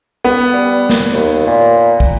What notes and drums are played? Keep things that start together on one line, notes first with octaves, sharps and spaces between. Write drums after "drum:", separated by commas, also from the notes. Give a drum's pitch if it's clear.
B3
G3
drum: snare
D#2
A#2
drum: kick